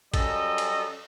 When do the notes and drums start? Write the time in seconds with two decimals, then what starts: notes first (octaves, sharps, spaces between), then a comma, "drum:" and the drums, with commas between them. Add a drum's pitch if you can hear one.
0.14 F#2 G3 C#4 A4 D#5, drum: kick, cymbal
0.58 drum: cymbal